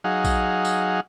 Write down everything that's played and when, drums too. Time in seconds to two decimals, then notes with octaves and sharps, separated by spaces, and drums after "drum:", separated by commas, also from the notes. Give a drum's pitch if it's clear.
0.04 F#3 D#4 G#4 F5 F#5
0.24 drum: kick A#1, tambourine
0.65 drum: tambourine